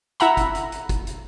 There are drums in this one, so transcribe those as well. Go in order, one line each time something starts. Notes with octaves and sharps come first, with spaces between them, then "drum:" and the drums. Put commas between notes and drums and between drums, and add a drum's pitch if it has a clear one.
E4 E5 F#5 A#5 B5, drum: hi-hat
drum: kick, hi-hat
drum: hi-hat
drum: hi-hat
drum: kick, hi-hat
drum: hi-hat